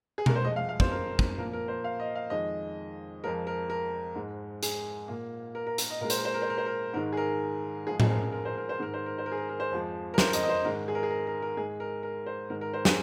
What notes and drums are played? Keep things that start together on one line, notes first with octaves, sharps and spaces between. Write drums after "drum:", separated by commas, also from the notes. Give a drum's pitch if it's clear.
G#4
A#4, drum: tom B2
C5
F2 F3 G#3 D#5
F5
F5
C5, drum: kick
A#4
drum: kick
A#2 F3 A#3 A#4
A#4
C5
F5
D#5
F5
F2 D#3 G#3 D#5
F2 F3 G#3 A#4
A#4
A#4
G#2 G#3
G#4, drum: hi-hat
A#2 A#3
A#4
A#4
A#4, drum: hi-hat
D#5
A#2 G#3 A#4
C5, drum: hi-hat
A#4
C5
A#4
C5
A#4
C5
A#4
G#2 D#3 G#3 A#4
G#4
A#4
G#2 F3 G#3 G#4
G#4, drum: tom A2
A#4
A#4
C5
A#4
C5
G#2 D#3 G#3 A#4
C5
A#4
C5
A#4
G#4
A#4
A#4
C5
F2 F3 G#3
A#4
C5, drum: snare
D#5, drum: hi-hat
D#5
C5
G#2 D#3 G#3 A#4
G#4
A#4
G#4
A#4
A#4
A#4
G#2 G#3 G#4
A#4
A#4
C5
G#2 D#3 G#3 A#4
A#4
C5
G#4, drum: snare